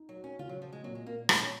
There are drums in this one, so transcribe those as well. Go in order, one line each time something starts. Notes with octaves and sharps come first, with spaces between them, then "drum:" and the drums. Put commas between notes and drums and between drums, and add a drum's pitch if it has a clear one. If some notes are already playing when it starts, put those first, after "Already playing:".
Already playing: D#4
F#3
F#4
C#4
C#3 F4
F#3
F3 F#4
G#3
A#2 F#3
G#3
A#2 A#3
A#2 D#4, drum: rim click
C#4